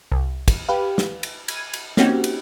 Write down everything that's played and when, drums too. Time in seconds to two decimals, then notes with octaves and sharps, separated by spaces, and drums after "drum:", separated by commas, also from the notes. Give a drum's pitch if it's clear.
0.12 C2
0.48 drum: kick, cymbal
0.69 G4 B4 F5
0.98 drum: snare
1.23 drum: cymbal
1.48 G#6 D#7, drum: cymbal
1.73 drum: cymbal
1.97 A#3 C4 C#4 D#4 F#4 G4, drum: snare
2.24 drum: cymbal